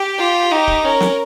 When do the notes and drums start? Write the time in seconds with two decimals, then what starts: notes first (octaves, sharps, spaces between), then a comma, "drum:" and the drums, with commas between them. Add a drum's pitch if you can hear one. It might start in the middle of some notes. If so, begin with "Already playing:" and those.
Already playing: G4
0.18 F4
0.51 D#4 G4
0.68 drum: kick C#1
0.84 C#4 A#4
1.00 drum: snare